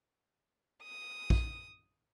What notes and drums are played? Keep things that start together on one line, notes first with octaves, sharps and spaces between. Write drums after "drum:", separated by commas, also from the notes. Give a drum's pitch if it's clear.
D#6
drum: kick